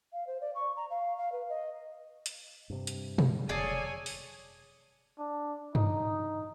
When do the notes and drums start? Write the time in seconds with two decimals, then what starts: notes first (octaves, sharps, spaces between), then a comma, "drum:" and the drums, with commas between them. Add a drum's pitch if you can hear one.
0.13 F5
0.27 C5
0.41 D5
0.55 C#6
0.76 A#5
0.90 F5
1.17 F5
1.32 B4
1.49 D#5
2.26 drum: hi-hat
2.70 G2 C3
2.87 drum: hi-hat
3.18 drum: tom B2
3.49 F1 G#4 A4 C#5 D5 G#5
4.06 drum: open hi-hat
5.19 D4
5.75 D#4, drum: tom G2